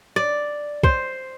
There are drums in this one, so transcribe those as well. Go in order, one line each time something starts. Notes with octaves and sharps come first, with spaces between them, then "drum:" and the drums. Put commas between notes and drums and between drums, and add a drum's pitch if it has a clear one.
D5
C5, drum: kick